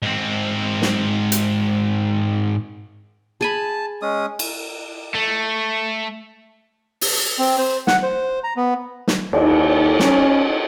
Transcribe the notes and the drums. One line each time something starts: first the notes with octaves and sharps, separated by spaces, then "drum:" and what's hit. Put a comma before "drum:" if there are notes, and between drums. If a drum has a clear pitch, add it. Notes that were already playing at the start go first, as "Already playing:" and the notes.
G#2 C4
drum: snare
drum: hi-hat
G#4 G#5 A5 B5
G#3 C#4 D#6
drum: cymbal
A3
drum: open hi-hat
C4
C5
F#5, drum: snare
C5
A#5
B3
drum: snare
D#2, drum: cymbal
C#4, drum: snare